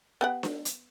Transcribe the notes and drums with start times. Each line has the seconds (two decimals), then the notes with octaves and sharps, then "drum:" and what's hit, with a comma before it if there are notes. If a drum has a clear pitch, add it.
0.21 B3 G4 F#5
0.43 drum: snare D4
0.65 drum: hi-hat